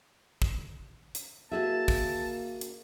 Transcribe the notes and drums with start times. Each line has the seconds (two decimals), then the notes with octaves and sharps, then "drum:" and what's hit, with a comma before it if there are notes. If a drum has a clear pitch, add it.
0.42 drum: kick
1.15 drum: hi-hat
1.52 A#3 F#4 G#4 E5 A5
1.88 drum: kick, open hi-hat
2.61 drum: hi-hat